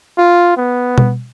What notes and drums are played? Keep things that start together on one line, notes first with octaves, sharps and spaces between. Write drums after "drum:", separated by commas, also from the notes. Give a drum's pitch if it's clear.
F4
B3
drum: tom B2